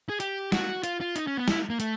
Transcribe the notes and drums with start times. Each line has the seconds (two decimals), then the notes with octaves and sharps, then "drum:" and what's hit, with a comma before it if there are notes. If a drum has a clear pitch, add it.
0.09 G#4
0.20 G4, drum: hi-hat
0.52 F#4, drum: snare
0.83 F4, drum: hi-hat
1.01 F4
1.16 D#4, drum: hi-hat
1.27 C#4
1.37 B3
1.48 E4, drum: snare
1.70 A#3
1.80 A3, drum: hi-hat